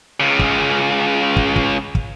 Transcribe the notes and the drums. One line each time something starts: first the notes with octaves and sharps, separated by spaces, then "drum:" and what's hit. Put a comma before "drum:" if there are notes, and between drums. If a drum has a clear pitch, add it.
C#2 C#3
drum: kick
drum: kick
drum: kick
drum: kick